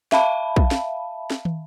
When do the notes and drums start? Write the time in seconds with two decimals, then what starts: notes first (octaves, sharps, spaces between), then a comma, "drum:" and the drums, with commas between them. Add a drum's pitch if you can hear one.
0.12 E5 F5 A5 B5, drum: snare
0.56 drum: kick A#1
0.71 drum: snare
1.30 drum: snare
1.45 drum: tom